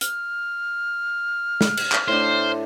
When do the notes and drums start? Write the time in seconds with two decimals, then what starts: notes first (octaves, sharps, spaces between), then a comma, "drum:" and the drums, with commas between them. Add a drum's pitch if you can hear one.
0.01 F6, drum: hi-hat
1.61 drum: snare
1.77 drum: cymbal
1.92 drum: clap
2.08 A2 D4 C5